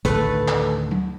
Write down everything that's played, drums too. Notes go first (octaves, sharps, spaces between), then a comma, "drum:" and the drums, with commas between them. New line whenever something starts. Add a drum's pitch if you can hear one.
D2 A2 D#3 A3 A4 B4, drum: kick, hi-hat
drum: clap
drum: tom F#3